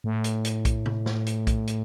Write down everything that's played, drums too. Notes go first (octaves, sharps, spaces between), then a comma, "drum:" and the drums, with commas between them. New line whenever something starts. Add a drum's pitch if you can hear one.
A2
drum: hi-hat
drum: hi-hat
drum: kick A#1, hi-hat
drum: tom C3
drum: snare
drum: hi-hat
drum: kick A#1, hi-hat
drum: hi-hat